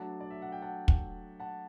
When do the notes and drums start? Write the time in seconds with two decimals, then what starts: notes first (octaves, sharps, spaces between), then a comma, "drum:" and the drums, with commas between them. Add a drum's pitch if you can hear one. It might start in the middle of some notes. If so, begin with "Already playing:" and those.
Already playing: F#3 A3 D4 F#5 A5
0.21 D5
0.31 E5
0.42 F#5
0.52 G5
0.62 F#5 A5
0.88 drum: kick
1.40 F#5 A5